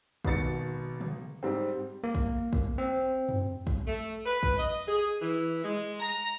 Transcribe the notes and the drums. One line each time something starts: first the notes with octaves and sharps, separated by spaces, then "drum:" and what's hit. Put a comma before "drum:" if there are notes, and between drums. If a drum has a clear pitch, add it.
G#1 B2 A6 C#7, drum: kick
drum: tom
G#2 G3 C4
A#3
drum: kick
drum: kick
C4
drum: tom
drum: kick
A3
B4
drum: kick
D#5
G#4
E3
G#3
A#5